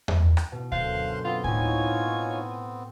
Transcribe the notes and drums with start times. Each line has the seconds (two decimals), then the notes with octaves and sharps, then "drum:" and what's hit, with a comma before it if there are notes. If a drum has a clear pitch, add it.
0.08 drum: tom E2
0.37 drum: rim click
0.52 B2
0.72 F#2 D3 C5 F5 C6 F#6, drum: kick D2
1.25 B3 C4 F4
1.44 A2 D#4 F4 C#5 G#5, drum: kick D2